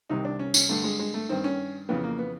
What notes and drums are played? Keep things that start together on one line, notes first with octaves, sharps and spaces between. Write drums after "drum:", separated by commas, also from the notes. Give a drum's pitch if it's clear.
C2 C3 D#3 D#4
D4
C#4
C#4, drum: tambourine
G2 D3 A3
G#3
G#3
A3
G2 D#3 C4
C#4
F2 C#3 E3 B3
A#3
B3